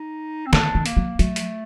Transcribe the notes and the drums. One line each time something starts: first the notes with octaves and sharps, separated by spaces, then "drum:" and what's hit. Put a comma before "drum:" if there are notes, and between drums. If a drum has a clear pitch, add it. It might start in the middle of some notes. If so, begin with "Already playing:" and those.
Already playing: D#4
C4
D#3 D4, drum: snare
D#3
A#3, drum: hi-hat
F#3
F#3 A3, drum: hi-hat
drum: hi-hat